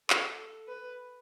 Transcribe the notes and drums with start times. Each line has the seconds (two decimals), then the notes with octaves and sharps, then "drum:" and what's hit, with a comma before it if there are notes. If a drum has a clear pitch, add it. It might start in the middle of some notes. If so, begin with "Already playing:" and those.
0.10 A4, drum: clap
0.67 B4